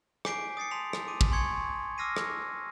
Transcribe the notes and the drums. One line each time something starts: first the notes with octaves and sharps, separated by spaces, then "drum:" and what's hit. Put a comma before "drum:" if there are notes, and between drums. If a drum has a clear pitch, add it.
G#5 D6 G6 B6 C7 D7, drum: rim click
D#6 A6 C7 C#7
A5 C6 B6 F7
drum: rim click
D6 D#7
drum: kick
G#5 C6 C#6 G#6 C#7
D6 E6 F6 A#6 C7 D#7
drum: rim click